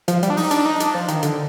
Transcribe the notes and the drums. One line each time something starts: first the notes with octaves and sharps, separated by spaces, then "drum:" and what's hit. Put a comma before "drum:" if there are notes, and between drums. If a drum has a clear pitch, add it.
F3, drum: hi-hat
G3, drum: hi-hat
D4
D#4, drum: open hi-hat
D4, drum: hi-hat
D#4
D4, drum: hi-hat
F3
D#3, drum: hi-hat
D3, drum: hi-hat